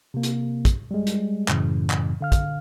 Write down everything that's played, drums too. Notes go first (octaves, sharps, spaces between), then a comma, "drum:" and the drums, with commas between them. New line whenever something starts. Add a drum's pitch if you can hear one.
C3 A#3
drum: hi-hat
drum: kick, hi-hat
G3 G#3
drum: hi-hat
F#2 A2 C#3 E3, drum: clap
drum: clap
D3 F5 F6
drum: kick, hi-hat